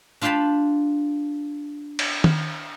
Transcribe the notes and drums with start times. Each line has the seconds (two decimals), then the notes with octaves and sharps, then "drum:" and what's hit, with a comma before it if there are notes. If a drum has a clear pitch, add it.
0.22 D4 F4 F5 G5 A5 B5
1.99 drum: cymbal
2.24 drum: tom D#3